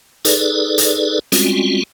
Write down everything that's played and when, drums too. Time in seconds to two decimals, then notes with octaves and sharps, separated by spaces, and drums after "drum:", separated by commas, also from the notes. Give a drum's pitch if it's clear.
0.25 D#4 G#4 A4 B4 D5, drum: hi-hat
0.78 drum: hi-hat
1.32 G3 G#3 C4 C#4 F4 F#4, drum: hi-hat